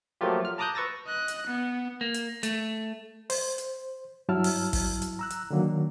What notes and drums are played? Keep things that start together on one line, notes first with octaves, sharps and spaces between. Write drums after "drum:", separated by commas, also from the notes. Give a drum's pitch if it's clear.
F3 F#3 A3 A#3 F4 G4
F6
A5 A#5 D6 D#6 F#6 G6
B4 C#6 E6 A6 A#6
D#5 F#6
drum: hi-hat
B3
A#3
drum: hi-hat
A3, drum: hi-hat
C5, drum: open hi-hat
drum: hi-hat
G2 F#3 E4 A5 E6 F6
drum: open hi-hat
drum: kick, open hi-hat
drum: hi-hat
A#5 E6 F#6
drum: hi-hat
D3 D#3 F#3 A#3